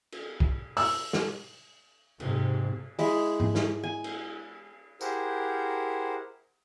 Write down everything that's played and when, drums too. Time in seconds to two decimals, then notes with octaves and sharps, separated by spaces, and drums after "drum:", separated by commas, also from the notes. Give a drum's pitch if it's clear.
0.12 drum: cymbal
0.40 drum: kick
0.77 E6, drum: open hi-hat
1.13 drum: snare
2.20 G#2 C3, drum: cymbal
2.99 G#3 E4 G#4, drum: open hi-hat
3.40 drum: tom G#2
3.55 drum: snare
3.84 G#5
4.04 drum: cymbal
5.01 E4 G4 G#4 A#4 C5 F#5, drum: tambourine